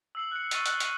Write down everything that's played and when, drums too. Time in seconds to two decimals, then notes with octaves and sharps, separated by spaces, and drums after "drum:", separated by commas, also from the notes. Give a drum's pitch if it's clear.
0.15 E6 C7 F#7
0.31 F#6 C#7
0.51 C#6 F6 A6 C7 D#7, drum: hi-hat
0.66 F#6, drum: hi-hat
0.80 F6, drum: hi-hat